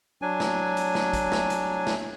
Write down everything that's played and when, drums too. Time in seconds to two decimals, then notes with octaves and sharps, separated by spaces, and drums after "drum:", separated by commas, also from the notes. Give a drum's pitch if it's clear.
0.22 F#3 D4 G#5
0.40 drum: snare
0.77 drum: hi-hat
0.95 drum: snare
1.13 drum: kick, hi-hat
1.32 drum: snare
1.50 drum: hi-hat
1.87 drum: snare